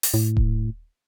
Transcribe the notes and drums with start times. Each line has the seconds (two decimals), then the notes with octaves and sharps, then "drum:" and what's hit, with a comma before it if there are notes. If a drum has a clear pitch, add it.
0.03 drum: open hi-hat
0.14 A2
0.37 drum: kick D#1